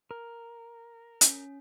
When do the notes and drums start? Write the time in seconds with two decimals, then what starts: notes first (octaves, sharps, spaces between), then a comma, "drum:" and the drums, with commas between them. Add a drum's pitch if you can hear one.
0.11 A#4
1.21 C#4, drum: hi-hat